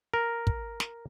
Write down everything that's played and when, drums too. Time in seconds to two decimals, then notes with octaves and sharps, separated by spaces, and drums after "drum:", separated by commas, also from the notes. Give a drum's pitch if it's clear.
0.14 A#4
0.47 drum: kick
0.80 drum: snare